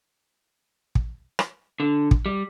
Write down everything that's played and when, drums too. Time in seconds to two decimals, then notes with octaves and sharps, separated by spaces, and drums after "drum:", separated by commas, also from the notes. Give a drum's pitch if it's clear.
0.95 drum: kick
1.39 drum: rim click
1.80 D3
2.11 drum: kick
2.26 G3